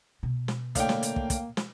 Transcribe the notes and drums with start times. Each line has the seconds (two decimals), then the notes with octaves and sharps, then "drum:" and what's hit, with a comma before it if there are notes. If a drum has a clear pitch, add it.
0.23 B2
0.48 drum: snare
0.75 A2 D3 A#3 F5 G5, drum: kick, hi-hat
0.89 drum: snare
1.03 drum: hi-hat
1.16 drum: kick
1.30 drum: kick, hi-hat
1.57 drum: snare